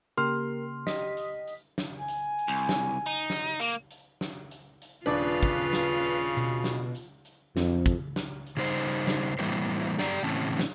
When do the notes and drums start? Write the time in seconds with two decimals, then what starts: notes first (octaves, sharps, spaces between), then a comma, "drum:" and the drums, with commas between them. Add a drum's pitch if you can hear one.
0.17 C#3 A#3 G4 A#4 C6 F6
0.87 G4 D#5 D#6 B6, drum: snare
1.17 drum: hi-hat
1.47 drum: hi-hat
1.78 drum: snare
1.97 G#5
2.08 drum: hi-hat
2.39 drum: hi-hat
2.48 C2
2.69 drum: snare
3.06 D#4
3.30 drum: snare
3.60 A#3, drum: hi-hat
3.91 drum: hi-hat
4.21 drum: snare
4.51 drum: hi-hat
4.82 drum: hi-hat
5.06 D#1 C#3 D4 F4 B4
5.43 drum: kick, hi-hat
5.73 drum: snare
6.03 drum: hi-hat
6.37 B2, drum: hi-hat
6.64 drum: snare
6.95 drum: hi-hat
7.25 drum: hi-hat
7.57 F2, drum: snare
7.86 drum: kick, hi-hat
8.16 drum: snare
8.47 drum: hi-hat
8.57 C#3 G3 D#4 C5
8.77 drum: hi-hat
9.07 drum: snare
9.39 A2 E3 G3 A#3 C4, drum: hi-hat
9.68 drum: hi-hat
9.99 G2 G4 D5 A#5, drum: snare
10.23 A2 C#3 E3 C4 C#4 A5
10.59 drum: snare